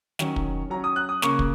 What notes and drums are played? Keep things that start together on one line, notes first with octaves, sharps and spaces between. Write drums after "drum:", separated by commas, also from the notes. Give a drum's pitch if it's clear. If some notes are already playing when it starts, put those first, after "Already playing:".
D#3 F#3 C#4, drum: snare
drum: kick
F#3 C#4 A#5
D#6
F#6
D#6
C#3 A#3 C#4 C#6, drum: snare
drum: kick